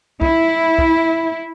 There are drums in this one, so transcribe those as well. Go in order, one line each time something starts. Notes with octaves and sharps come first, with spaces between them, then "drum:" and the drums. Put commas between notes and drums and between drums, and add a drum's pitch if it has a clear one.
E4, drum: kick
drum: kick